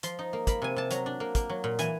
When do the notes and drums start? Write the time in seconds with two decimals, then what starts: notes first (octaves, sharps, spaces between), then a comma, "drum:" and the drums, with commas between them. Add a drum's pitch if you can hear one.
0.03 F3 C6, drum: hi-hat
0.19 D#4
0.33 A#3
0.47 A#3 B5, drum: kick, hi-hat
0.62 C3 G#5
0.76 C3 A5
0.91 F#3 A#5, drum: hi-hat
1.06 D4
1.20 A#3
1.35 A#3, drum: kick, hi-hat
1.49 F#3
1.64 A#2
1.79 E3 G#5, drum: hi-hat